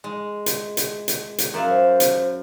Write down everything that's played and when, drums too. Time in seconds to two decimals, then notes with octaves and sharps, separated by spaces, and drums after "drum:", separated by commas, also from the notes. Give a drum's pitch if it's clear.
0.04 G#3
0.46 drum: hi-hat
0.77 drum: hi-hat
1.08 drum: hi-hat
1.38 drum: hi-hat
1.54 F#2 E5 F5
1.70 C5
2.00 drum: hi-hat